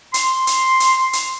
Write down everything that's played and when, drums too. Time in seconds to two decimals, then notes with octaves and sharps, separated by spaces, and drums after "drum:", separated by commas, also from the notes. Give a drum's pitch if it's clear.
0.14 C6, drum: hi-hat
0.47 drum: hi-hat
0.80 drum: hi-hat
1.13 drum: hi-hat